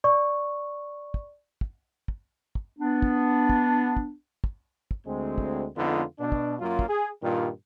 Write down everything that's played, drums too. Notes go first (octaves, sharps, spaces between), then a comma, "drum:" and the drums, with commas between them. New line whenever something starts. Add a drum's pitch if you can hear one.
D5 C#6
drum: kick
drum: kick
drum: kick
drum: kick
B3 D4
drum: kick
drum: kick
drum: kick
drum: kick
drum: kick
D2 G#3 C4
drum: kick
F2 D3 G#3 B3 D#4 F4
B2 D4
drum: kick
F#2 F#3 A#3 F4
drum: kick
G#4
G2 A#2 D#3 G3 F4